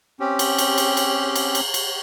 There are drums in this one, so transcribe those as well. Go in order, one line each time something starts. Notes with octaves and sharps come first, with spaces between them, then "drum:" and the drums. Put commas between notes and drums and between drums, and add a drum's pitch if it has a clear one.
C4 C#4 G4
drum: cymbal
drum: cymbal
drum: cymbal
drum: cymbal
drum: cymbal
drum: cymbal
drum: cymbal